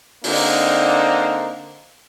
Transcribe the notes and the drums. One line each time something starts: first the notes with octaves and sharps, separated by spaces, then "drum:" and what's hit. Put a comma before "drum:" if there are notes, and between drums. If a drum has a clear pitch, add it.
D3 A#3 C4 D4 D#4, drum: open hi-hat